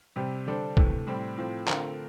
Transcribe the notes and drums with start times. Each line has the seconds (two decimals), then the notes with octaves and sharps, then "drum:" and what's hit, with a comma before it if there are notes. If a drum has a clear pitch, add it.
0.16 C3 G3 C4 G4
0.46 D3 G3 D4 A4 C5
0.77 C3 E3 A3, drum: kick
1.07 A2 G3 C4
1.37 A2 F3 C4
1.67 D3 A3 C4 F4 A#4, drum: clap